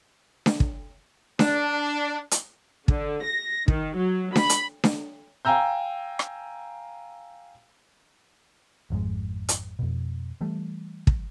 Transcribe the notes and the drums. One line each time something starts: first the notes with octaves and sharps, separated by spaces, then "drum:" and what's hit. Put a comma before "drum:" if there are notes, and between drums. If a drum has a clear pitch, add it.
drum: snare D4
drum: kick
D4, drum: snare D4
drum: hi-hat
D3, drum: kick
A#6
D#3, drum: kick
F#3
B5, drum: snare D4
drum: hi-hat
drum: snare D4
F5 G5 G#5 A#5 E6 G6
drum: rim click
G#1 F2 G#2 G#3
drum: hi-hat
F2 B2
E3 G3 A3
drum: kick